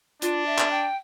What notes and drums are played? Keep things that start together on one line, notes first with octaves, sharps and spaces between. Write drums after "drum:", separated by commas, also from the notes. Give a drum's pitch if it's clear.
D4 F4, drum: hi-hat
E5
drum: clap
G5